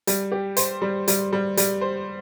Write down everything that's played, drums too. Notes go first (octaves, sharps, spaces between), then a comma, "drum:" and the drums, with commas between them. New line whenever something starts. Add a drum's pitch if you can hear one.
G3, drum: hi-hat
G4
C5, drum: hi-hat
G3
G3, drum: hi-hat
G3
G3, drum: hi-hat
C5